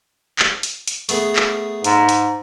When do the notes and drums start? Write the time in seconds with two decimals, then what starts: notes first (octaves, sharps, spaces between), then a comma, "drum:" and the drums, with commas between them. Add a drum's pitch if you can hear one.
0.39 drum: clap
0.63 drum: hi-hat
0.87 drum: hi-hat
1.09 A3 B3 G#4, drum: hi-hat
1.36 drum: clap
1.84 G#2, drum: hi-hat
2.09 drum: hi-hat